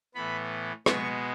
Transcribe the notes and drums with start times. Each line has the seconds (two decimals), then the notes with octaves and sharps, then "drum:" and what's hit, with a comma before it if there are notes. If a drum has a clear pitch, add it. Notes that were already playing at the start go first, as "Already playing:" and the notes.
0.14 A2 E3 B3 B5
0.86 B2 G#3 B3 C#6, drum: rim click